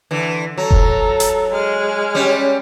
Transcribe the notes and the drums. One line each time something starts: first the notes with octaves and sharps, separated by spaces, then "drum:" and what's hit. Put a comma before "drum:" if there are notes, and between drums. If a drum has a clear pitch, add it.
D3 E3
F#3 A4 A#5
drum: kick F1
drum: hi-hat
G#3 F6
G3 C#4